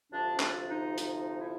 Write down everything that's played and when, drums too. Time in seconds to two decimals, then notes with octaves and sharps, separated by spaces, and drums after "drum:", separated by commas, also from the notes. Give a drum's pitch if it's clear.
0.11 D2 C3 F3 D4
0.40 D4, drum: clap
0.69 D#4
0.98 D#4, drum: hi-hat
1.40 E4